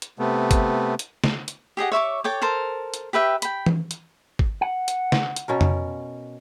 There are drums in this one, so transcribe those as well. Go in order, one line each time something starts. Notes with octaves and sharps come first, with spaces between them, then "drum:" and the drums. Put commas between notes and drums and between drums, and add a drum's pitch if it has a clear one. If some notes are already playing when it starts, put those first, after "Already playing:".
drum: hi-hat
C3 A3 B3
drum: kick, hi-hat
drum: hi-hat
drum: snare
drum: hi-hat
G4 G#4 D#5 F#5
C#5 E5 C#6 D6
A4 C#5 G5 D6
A4 A#4 C5 A5
drum: hi-hat
G4 B4 E5 G5
G5 B5, drum: hi-hat
drum: tom E3
drum: hi-hat
drum: kick
F#5
drum: hi-hat
drum: snare
drum: hi-hat
B2 C#4 A#4
drum: tom F2